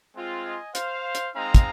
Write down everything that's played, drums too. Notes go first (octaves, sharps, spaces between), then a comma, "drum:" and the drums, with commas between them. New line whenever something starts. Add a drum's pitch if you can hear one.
G#3 C4 F4
D#5 G#5
C5 F5, drum: hi-hat
drum: hi-hat
G#3 C4 D#4 F5 A#5
drum: kick, hi-hat